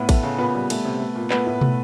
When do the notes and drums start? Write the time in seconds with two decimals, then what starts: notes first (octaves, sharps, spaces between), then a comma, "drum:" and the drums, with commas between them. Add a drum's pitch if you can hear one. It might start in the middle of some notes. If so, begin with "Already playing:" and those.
Already playing: A2 B3 B4
0.09 A3, drum: kick A1, cymbal
0.23 C#3
0.38 A#2 B3 B4
0.54 G3
0.70 A3, drum: cymbal
0.85 C3
1.00 A3
1.16 A#2
1.30 A3 B3 B4, drum: clap
1.46 A2
1.61 A3, drum: tom